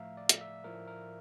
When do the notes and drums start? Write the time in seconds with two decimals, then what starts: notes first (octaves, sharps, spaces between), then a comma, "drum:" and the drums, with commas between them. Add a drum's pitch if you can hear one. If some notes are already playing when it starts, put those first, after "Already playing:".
Already playing: A2 F3 A3 E5 F5 A#5
0.17 D5
0.29 drum: hi-hat
0.41 E5
0.64 A2 F3 A3 A#4
0.88 A#4